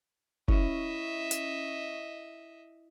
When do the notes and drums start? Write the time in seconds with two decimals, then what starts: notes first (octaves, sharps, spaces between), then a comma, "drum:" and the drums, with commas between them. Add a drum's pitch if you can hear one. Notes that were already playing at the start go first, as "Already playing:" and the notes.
0.48 C#4 E4 D#5 E5, drum: kick
1.31 drum: hi-hat